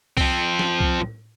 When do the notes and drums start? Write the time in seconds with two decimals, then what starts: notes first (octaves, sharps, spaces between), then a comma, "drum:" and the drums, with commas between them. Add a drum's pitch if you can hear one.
0.17 F3 C4, drum: kick, open hi-hat
0.59 drum: snare
0.80 drum: kick
1.01 drum: tom A2